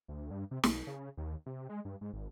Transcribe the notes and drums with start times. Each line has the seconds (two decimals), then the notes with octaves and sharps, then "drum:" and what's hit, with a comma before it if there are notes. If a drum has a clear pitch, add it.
0.08 D2
0.31 G2
0.51 C3
0.64 B1, drum: snare
0.87 C#3
1.17 D#2
1.46 C3
1.69 G#3
1.85 G2
2.01 G#2
2.13 G#1